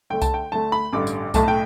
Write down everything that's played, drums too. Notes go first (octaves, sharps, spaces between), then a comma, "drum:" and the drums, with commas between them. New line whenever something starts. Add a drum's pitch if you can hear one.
D2 D3 A3 G5
A5, drum: kick C2, tambourine
G5
D2 D3 A3 A5
B5
A1 G2 D3 D6
drum: tambourine
B1 A2 A3 A5, drum: kick C2, tambourine
G5